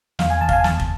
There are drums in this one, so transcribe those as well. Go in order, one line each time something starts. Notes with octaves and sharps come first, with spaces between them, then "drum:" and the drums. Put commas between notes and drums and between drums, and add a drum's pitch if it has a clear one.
E2 F5, drum: snare
G#5
E2 A5
F5, drum: kick
G#5
E2 A5, drum: snare
drum: kick